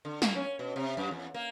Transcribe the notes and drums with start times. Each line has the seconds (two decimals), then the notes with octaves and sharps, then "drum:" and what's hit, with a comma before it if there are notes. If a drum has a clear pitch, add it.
0.05 D3
0.22 A#3, drum: snare
0.36 C#4
0.59 B2
0.76 C3
0.97 F#2
1.11 E2
1.34 A#3